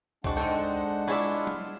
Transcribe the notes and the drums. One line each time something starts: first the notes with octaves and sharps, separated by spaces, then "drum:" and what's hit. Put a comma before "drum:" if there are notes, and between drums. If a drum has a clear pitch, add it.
G#3 C4 D4 F#4 A4 F#5, drum: kick C2
D#4 A4 C5 G5
E4 F4 G#4 B4 C#5 D5 E5
drum: tom F#3